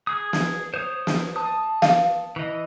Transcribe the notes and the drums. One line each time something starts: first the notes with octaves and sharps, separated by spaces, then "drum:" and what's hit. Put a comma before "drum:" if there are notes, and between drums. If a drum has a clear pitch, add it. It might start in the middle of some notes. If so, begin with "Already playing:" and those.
G#4 D#6
drum: snare
C5 C#5 D#6
drum: snare
A5 D#6
F5, drum: snare
E3 D#5